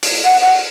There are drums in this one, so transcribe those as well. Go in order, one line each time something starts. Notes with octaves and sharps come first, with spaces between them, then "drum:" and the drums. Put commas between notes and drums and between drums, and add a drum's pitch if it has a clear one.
drum: open hi-hat
F#5
F#5